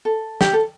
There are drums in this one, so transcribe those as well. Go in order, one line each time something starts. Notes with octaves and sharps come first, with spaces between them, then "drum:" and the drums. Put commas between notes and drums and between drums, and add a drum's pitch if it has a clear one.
A4
G4, drum: snare
A4